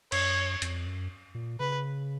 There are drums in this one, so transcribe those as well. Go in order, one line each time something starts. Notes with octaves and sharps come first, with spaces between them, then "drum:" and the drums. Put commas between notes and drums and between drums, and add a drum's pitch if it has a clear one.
F#2 C#5, drum: cymbal
F2, drum: hi-hat
F#2
A#2
C#3 B4